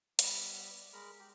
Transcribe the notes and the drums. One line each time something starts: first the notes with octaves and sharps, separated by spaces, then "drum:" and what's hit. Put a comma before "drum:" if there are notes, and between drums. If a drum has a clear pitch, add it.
G3 B3 B5 D6, drum: hi-hat
G#3 A#4 B5
G4